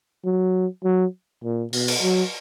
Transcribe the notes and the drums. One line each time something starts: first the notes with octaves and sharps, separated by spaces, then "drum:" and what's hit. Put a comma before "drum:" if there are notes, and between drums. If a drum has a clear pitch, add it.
F#3
F#3
A#2
B2, drum: open hi-hat
drum: cymbal
F#3